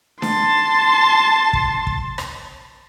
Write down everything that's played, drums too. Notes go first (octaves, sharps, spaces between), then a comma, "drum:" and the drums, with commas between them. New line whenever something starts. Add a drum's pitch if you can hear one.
A5 C6, drum: snare D4
drum: kick
drum: kick
drum: rim click